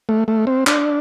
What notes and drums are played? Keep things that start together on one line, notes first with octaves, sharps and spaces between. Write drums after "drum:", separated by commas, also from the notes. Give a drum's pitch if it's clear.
A3
A3
C4
D4, drum: clap